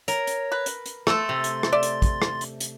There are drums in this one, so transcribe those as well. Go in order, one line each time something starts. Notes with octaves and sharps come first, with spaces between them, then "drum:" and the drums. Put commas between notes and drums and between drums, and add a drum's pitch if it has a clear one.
A#4 C#5, drum: hi-hat
drum: hi-hat
B4
drum: hi-hat
drum: hi-hat
A3 A4 C6 A6, drum: rim click
C3
drum: hi-hat
drum: rim click
D5 E5
drum: hi-hat
drum: kick, hi-hat
drum: rim click
drum: hi-hat
drum: hi-hat